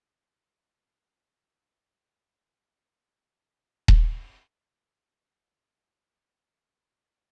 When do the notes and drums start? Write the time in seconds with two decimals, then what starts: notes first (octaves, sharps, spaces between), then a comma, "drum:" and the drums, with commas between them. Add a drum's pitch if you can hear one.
0.07 C3 G#3 A#3 D#4 F4 C5
2.76 D#6 F#6 B6 C7 F7
3.88 drum: kick D#1
4.78 G6 C#7
6.70 G4